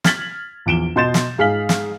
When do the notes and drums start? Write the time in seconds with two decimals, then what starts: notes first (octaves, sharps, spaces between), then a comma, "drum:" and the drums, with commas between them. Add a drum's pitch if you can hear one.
0.04 F6 G#6 A6 B6 F#7, drum: snare
0.66 A#1 E2 D7 E7 G7
0.96 B2 D#5 C6 G6 A6 E7
1.14 drum: snare
1.38 G#2 G#4 F5 F6 B6 F#7
1.69 drum: snare